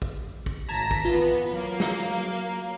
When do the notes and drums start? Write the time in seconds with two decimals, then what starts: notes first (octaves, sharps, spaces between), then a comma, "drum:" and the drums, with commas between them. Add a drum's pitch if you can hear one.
0.02 drum: kick
0.46 drum: kick
0.69 G#1 A5 A#5 G#6 A#6 B6
0.91 drum: kick
1.05 E3 B3 F4
1.50 F#3 A#3
1.80 drum: snare